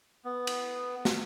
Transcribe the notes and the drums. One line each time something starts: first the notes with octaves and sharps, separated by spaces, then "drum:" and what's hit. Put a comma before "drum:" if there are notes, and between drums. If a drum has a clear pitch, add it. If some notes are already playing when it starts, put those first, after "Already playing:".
B3
drum: cymbal
drum: snare